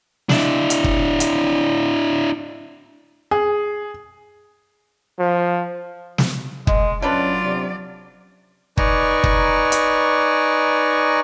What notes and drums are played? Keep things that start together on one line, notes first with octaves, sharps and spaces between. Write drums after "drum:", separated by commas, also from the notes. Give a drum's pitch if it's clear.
D4 E4, drum: snare
drum: hi-hat
drum: kick
drum: hi-hat
G#4
F3
drum: snare
G#3 D#5, drum: kick
D3 F#3 C#4 D4 F4 B4 D5
C3
D#4 B4 D5 G#5 A#5 C#6, drum: kick
drum: kick
drum: hi-hat